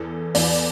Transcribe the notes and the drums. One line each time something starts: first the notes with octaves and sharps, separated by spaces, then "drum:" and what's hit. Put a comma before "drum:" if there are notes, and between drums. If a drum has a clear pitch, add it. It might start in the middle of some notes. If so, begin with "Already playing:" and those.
Already playing: E2 E3 A4
E2 E3 D5, drum: open hi-hat